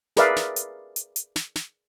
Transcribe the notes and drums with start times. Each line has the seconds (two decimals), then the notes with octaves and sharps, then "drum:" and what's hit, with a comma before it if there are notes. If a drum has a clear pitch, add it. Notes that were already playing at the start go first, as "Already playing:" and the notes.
0.17 G#4 A#4 B4 D5 E5 F5, drum: snare
0.36 drum: snare
0.56 drum: hi-hat
0.96 drum: hi-hat
1.16 drum: hi-hat
1.36 drum: snare
1.55 drum: snare